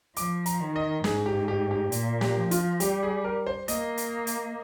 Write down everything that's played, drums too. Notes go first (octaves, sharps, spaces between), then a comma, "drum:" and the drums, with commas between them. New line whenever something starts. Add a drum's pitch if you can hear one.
F3 D6, drum: hi-hat
A#5, drum: hi-hat
D#3
D#5
G#2 G#4, drum: snare
G4
G4
G4
A#2, drum: hi-hat
G4, drum: snare
F3
F4, drum: hi-hat
G3 G4, drum: hi-hat
G#4
A#4
C5
A#3 D#5, drum: hi-hat
drum: hi-hat
drum: hi-hat